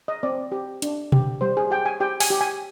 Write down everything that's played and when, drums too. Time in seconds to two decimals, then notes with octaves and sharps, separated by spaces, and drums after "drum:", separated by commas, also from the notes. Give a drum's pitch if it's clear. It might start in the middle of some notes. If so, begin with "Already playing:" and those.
0.08 D#5
0.23 C4 D5
0.52 G4
0.82 D4, drum: hi-hat
1.12 G4, drum: tom B2
1.41 G3 C5
1.57 G#4
1.71 G4 G5
1.85 G#5
2.00 G4 G5
2.20 G#5, drum: open hi-hat
2.30 G4
2.41 G#5